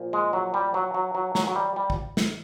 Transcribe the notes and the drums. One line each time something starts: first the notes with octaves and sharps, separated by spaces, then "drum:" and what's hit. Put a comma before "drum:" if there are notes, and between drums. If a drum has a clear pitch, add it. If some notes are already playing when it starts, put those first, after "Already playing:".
Already playing: A#2 F3
G#3
F#3
G3
F#3
F#3
F#3
F#3, drum: snare
F#3
G3
G3
drum: kick
drum: snare